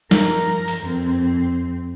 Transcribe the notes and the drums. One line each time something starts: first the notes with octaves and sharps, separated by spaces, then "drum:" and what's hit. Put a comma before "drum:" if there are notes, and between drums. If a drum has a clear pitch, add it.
F3 A#4, drum: snare
drum: open hi-hat
F2 C4